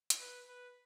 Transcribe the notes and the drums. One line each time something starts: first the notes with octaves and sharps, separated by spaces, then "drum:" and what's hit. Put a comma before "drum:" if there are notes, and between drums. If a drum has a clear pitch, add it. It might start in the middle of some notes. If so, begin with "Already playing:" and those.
drum: hi-hat
B4
B4